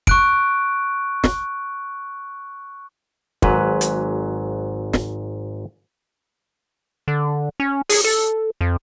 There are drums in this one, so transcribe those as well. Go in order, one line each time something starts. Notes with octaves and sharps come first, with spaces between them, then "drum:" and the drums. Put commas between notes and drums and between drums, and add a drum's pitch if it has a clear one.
C#6 F#6 D7, drum: kick
drum: snare
G#1 G#2 F#3 B4, drum: kick
drum: hi-hat
drum: snare
D3
C#4
G#4, drum: open hi-hat
A4
F2